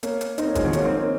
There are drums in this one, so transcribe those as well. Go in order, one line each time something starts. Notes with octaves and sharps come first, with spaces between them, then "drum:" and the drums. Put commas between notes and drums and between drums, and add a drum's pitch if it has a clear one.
A#3 C#4, drum: hi-hat
drum: hi-hat
C4 D#4, drum: hi-hat
A#3 C#4
F3 G#3, drum: kick, hi-hat
D#3 F#3
A#3 C#4, drum: hi-hat
C4 D#4
A#3 C#4